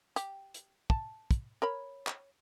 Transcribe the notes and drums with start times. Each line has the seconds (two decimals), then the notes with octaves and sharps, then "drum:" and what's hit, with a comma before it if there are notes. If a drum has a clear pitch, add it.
0.16 G4, drum: hi-hat
0.54 drum: hi-hat
0.90 A5, drum: kick
1.31 drum: kick, hi-hat
1.62 A#4 C#5 B5
2.07 drum: clap